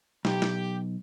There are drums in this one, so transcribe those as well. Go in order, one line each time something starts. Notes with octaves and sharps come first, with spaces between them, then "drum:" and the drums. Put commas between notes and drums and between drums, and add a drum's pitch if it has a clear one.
B1 G4, drum: snare
drum: snare